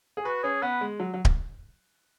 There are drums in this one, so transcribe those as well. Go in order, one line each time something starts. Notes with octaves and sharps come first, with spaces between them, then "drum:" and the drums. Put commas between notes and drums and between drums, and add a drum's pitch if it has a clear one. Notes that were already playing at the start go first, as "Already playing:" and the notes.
G#4
F#4 B4
C#4 G#4
B3 B4
G#3
F#3
F#3
drum: kick D1